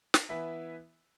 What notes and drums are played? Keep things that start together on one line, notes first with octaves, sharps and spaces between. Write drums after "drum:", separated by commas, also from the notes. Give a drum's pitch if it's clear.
drum: snare
E3 B3 E4 B4 E5